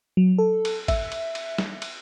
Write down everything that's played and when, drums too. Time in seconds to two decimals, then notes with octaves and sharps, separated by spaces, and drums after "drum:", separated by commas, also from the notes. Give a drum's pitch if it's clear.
0.17 F#3
0.38 A4
0.65 drum: cymbal
0.88 E5, drum: kick, cymbal
1.12 drum: cymbal
1.35 drum: cymbal
1.58 drum: snare
1.82 drum: cymbal